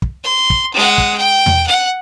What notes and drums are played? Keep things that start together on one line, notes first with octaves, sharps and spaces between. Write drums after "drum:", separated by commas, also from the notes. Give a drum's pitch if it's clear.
drum: kick
C6
drum: kick
G#3 F#5
drum: kick
G5
drum: tom E2
F#5